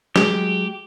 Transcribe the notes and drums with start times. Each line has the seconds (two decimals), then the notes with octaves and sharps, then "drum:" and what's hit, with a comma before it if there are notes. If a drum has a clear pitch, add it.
0.16 F#3 G#3 G4 G#4, drum: snare